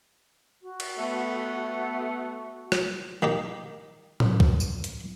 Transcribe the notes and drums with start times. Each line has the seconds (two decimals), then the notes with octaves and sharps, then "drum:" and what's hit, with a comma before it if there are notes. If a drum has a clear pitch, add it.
0.61 F#4
0.80 drum: cymbal
0.98 A3 B3
2.72 drum: rim click
3.22 D#3 D#4 G4
4.20 drum: tom A2
4.40 drum: kick
4.60 drum: tambourine
4.84 drum: hi-hat